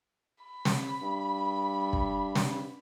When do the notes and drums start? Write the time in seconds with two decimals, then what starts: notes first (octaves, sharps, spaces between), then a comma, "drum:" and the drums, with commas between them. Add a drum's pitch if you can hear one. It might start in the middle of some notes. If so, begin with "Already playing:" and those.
0.44 B5
0.65 drum: snare
1.01 G2
1.93 drum: kick
2.35 drum: snare